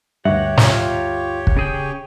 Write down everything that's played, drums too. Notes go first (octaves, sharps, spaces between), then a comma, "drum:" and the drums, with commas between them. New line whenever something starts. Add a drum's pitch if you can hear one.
D2 G2 G4 C#5 E5 F#5
F4 F5 A#5, drum: snare
drum: kick
C#3 G#4 G5